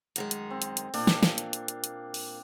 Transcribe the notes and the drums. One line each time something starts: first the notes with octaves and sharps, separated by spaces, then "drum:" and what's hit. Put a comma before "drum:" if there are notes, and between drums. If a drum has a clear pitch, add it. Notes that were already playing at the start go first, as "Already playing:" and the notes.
F#2 D#3 G#3, drum: hi-hat
drum: hi-hat
C4
drum: hi-hat
drum: hi-hat
A#2 A#3 D4, drum: open hi-hat
drum: snare
drum: snare
drum: hi-hat
drum: hi-hat
drum: hi-hat
drum: hi-hat
drum: open hi-hat